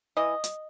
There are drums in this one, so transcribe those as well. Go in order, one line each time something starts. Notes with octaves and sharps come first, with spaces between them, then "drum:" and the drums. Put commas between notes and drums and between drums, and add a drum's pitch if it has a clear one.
E3 D#5
drum: hi-hat